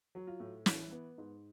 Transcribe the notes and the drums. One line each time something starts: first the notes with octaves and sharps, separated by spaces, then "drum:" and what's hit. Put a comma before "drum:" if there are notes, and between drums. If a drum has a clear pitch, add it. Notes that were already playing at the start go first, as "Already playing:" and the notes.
F#3
F4
A2
E3, drum: snare
B3
G#2